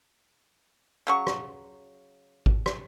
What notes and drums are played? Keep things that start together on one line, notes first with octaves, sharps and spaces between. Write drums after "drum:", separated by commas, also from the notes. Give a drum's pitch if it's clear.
C#3 F#3 C#6
drum: rim click
drum: kick G#1
drum: rim click